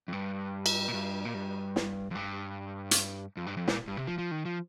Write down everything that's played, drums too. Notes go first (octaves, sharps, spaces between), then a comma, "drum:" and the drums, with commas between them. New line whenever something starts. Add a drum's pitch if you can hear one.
F2
G2
drum: cymbal
A#2
G2
A#2
G2
drum: snare
F2
G2
drum: hi-hat
F2
G2
F2
A#2, drum: snare
G2
C3
F3
F3
D#3
F3